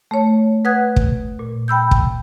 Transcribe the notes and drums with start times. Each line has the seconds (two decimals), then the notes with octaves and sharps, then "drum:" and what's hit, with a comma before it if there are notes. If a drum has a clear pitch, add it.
0.11 A3 C#5
0.65 B4 F#5 D#6 F#6 G#6
0.96 drum: kick
1.39 A#2
1.68 G5 B5 E6 G6
1.91 drum: kick